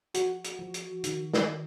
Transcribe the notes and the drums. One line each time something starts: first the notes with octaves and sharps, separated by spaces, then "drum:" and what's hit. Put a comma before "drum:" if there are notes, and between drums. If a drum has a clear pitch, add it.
F3 F#4, drum: hi-hat
drum: hi-hat
F3
drum: hi-hat
D#3, drum: hi-hat
drum: snare